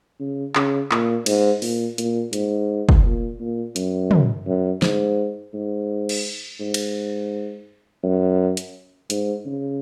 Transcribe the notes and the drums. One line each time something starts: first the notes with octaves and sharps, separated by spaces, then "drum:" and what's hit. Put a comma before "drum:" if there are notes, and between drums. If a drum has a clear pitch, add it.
C#3
C#3, drum: clap
A#2, drum: clap
G#2, drum: cymbal
A#2, drum: open hi-hat
A#2, drum: hi-hat
G#2, drum: hi-hat
drum: kick
A#2
A#2
F#2, drum: hi-hat
drum: tom
F#2
G#2, drum: snare
G#2
drum: cymbal
G#2
drum: cymbal
F#2
drum: hi-hat
G#2, drum: hi-hat
C#3